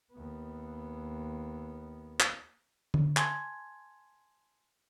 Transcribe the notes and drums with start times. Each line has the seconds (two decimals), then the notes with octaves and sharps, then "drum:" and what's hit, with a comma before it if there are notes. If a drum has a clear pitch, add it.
0.13 D#2 B3
2.20 drum: clap
2.94 drum: tom D3
3.17 G#5 A5 C6 G#6, drum: clap